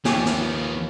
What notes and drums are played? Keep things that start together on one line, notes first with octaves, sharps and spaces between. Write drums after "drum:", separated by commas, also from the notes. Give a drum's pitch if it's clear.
D#2 E3 F3 B3 G4 G#4 C#6, drum: snare
drum: snare